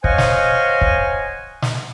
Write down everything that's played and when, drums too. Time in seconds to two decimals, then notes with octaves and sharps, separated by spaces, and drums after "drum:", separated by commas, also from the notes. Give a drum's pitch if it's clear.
0.04 C5 C#5 D#5 F5 F#5 G#5, drum: kick
0.18 drum: snare
0.81 drum: kick
1.62 drum: snare